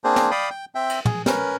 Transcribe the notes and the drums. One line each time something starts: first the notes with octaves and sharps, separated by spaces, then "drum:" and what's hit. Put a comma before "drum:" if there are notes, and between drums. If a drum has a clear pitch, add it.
A#3 C4 D4 G#4 C5
drum: snare
D5 F5 G5 B5 D#6
G5
C4 E5 G5
drum: cymbal
G#4, drum: tom
C#4 A#4 B4, drum: snare